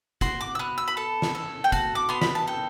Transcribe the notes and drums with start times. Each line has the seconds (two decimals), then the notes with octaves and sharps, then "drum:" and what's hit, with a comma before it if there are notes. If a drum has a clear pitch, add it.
0.21 F#4 C6, drum: kick, hi-hat
0.41 D6
0.55 E6
0.59 B3 F#6
0.78 E6
0.88 B5
0.97 A4 A5
1.22 drum: snare
1.35 A4
1.64 G5
1.72 F#4 A5, drum: kick, hi-hat
1.95 D6
2.09 B3 C6
2.21 B5, drum: snare
2.35 A5
2.47 A4 G5